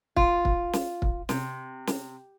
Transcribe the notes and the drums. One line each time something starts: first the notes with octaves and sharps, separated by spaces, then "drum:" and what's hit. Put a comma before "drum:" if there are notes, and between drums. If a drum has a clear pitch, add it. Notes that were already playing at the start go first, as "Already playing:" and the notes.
F4, drum: kick
drum: kick
drum: snare
drum: kick
C3, drum: snare
drum: snare